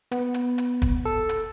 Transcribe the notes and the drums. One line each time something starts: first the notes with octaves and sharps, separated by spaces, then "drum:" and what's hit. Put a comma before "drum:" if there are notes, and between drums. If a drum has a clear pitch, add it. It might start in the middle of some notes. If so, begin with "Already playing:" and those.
B3, drum: hi-hat
drum: hi-hat
drum: hi-hat
drum: kick, hi-hat
A4
drum: hi-hat